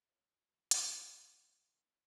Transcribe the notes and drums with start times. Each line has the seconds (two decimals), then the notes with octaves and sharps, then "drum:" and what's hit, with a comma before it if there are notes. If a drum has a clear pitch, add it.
0.08 B1 F3 C#4
0.49 E2 G#2 B2
0.71 G1 F3 B3 E5 A5, drum: hi-hat
1.04 G1 G3 G#3 D4 B4 C#5
1.34 G#3 B3 D4
1.73 A2 D#3 A3 E5